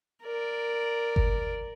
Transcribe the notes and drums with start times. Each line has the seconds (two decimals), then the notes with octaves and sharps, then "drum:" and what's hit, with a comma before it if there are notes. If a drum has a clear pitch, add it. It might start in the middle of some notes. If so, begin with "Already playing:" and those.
0.23 A#4 D5
1.16 drum: kick G1